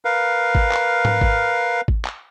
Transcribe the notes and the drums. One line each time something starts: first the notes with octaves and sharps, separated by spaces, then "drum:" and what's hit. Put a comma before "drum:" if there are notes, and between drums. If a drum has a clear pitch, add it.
A#4 B4 F5
drum: kick G#1
drum: clap
drum: tom G#2
drum: kick G#1
drum: kick G#1
drum: clap